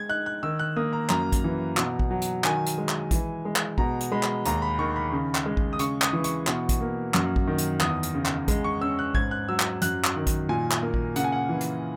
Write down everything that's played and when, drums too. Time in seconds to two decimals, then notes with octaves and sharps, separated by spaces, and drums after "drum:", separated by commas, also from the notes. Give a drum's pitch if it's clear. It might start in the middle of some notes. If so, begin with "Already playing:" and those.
Already playing: G#3 G#6
0.09 D#4 F#6
0.26 F#6
0.43 D#3 E6
0.59 F#6
0.76 A#3 D#6
0.93 A#5
1.10 F#2 A#5, drum: clap
1.32 drum: kick A1, hi-hat
1.44 E3
1.77 B2, drum: clap
1.99 drum: kick A1
2.11 F#3
2.22 drum: hi-hat
2.44 D#3 G#5, drum: clap
2.67 drum: hi-hat
2.78 G#3
2.89 drum: clap
3.11 E3, drum: kick A1, hi-hat
3.45 G#3
3.56 drum: clap
3.78 B2 A#5, drum: kick A1
4.01 drum: hi-hat
4.12 G#3 B5
4.23 drum: clap
4.45 D#2 A#5, drum: hi-hat
4.62 B5
4.79 D#3 C#6
4.96 B5
5.13 C#3
5.35 drum: clap
5.46 G#3
5.57 drum: kick A1
5.73 D#6
5.79 C#3 C#6, drum: hi-hat
6.02 D#6, drum: clap
6.13 E3
6.24 C#6, drum: hi-hat
6.47 B2, drum: clap
6.69 drum: kick A1, hi-hat
6.81 A#3
7.14 F#2, drum: clap
7.36 drum: kick A1
7.47 D#3
7.58 drum: hi-hat
7.81 E2 D#6, drum: clap
8.03 drum: hi-hat
8.15 C#3
8.25 drum: clap
8.48 G#3, drum: kick A1, hi-hat
8.64 C#6
8.81 C#4 E6
8.99 F#6
9.15 G#2 G#6, drum: kick A1
9.31 F#6
9.49 F#3 E6
9.60 drum: clap
9.82 F#2 F#6, drum: hi-hat
10.04 drum: clap
10.16 D#3
10.27 drum: kick A1, hi-hat
10.49 A#2 G#5
10.71 drum: clap
10.83 A#3
10.94 drum: kick A1
11.16 C#3 F#5, drum: hi-hat
11.24 G#5
11.32 F#5
11.49 E3
11.61 drum: hi-hat